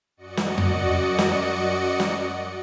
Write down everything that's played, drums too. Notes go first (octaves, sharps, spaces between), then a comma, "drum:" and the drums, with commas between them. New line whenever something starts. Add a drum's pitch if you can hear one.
F#2 F#4 D5 D#5 C#7
drum: snare
drum: tom F2
drum: snare
drum: snare